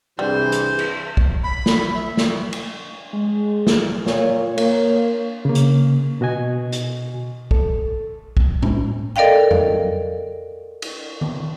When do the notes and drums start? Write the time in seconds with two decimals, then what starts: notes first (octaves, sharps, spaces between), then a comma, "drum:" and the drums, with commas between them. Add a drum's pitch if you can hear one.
0.19 C2 G2 E3 G3 G#4 C5
0.52 drum: hi-hat
0.79 drum: cymbal
1.17 drum: kick
1.43 B5
1.66 drum: snare
1.95 E5
2.17 drum: snare
2.53 drum: cymbal
3.13 G#3
3.67 drum: snare
4.06 A#2 C#5, drum: snare
4.58 A#3, drum: cymbal
5.45 C#3 A#3
5.55 drum: hi-hat
6.21 B2 F#4 D#5 G#5
6.72 drum: hi-hat
7.51 A4, drum: kick
8.37 drum: kick
8.62 drum: tom A2
9.16 A4 A#4 D5 D#5 F5 G5
9.51 drum: tom F2
10.82 drum: cymbal
11.21 drum: tom D#3